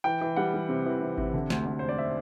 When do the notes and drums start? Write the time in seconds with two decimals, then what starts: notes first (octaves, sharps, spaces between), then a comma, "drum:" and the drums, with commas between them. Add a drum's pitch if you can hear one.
0.04 E3 G5
0.21 E3
0.36 G3 F#5
0.54 G3
0.69 C3
0.86 E3
1.02 C3
1.18 C3, drum: kick G#1
1.34 D3
1.50 D2, drum: snare
1.66 D2
1.79 E1 C5
1.89 D5
1.98 E5